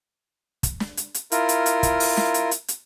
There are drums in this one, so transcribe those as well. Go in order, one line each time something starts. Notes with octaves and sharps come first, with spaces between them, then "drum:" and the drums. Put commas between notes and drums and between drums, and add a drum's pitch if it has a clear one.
drum: kick, hi-hat
drum: snare
drum: hi-hat
drum: hi-hat
E4 F4 A#4, drum: hi-hat
drum: hi-hat
drum: hi-hat
drum: kick, hi-hat
drum: open hi-hat
drum: snare
drum: hi-hat
drum: hi-hat
drum: hi-hat